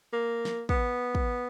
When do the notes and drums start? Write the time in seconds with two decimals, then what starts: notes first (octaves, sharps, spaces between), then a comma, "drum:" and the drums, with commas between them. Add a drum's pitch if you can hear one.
0.13 A#3
0.45 drum: snare
0.69 B3, drum: kick
1.15 drum: kick